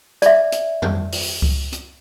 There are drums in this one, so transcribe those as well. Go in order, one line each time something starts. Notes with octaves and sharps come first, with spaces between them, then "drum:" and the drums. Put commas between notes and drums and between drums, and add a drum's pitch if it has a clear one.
D5 E5, drum: hi-hat
drum: hi-hat
drum: tom F2
drum: open hi-hat
drum: kick C#2
drum: hi-hat